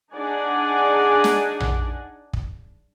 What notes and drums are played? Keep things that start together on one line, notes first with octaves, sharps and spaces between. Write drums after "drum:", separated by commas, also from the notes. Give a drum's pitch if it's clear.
D4 D#4 G#4 D5 F#5 G#5
drum: snare
drum: tom A#1
drum: kick